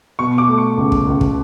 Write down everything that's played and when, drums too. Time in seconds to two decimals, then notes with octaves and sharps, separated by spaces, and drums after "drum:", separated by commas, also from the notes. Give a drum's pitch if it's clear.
0.19 B2 C#6
0.38 D6
0.48 A3
0.58 C#6
0.77 C#2
0.92 drum: kick
1.07 C#2
1.21 drum: kick